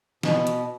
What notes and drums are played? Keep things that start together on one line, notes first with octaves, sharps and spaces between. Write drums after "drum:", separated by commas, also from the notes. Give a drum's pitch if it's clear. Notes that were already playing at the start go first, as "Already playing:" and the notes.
B2, drum: snare
drum: hi-hat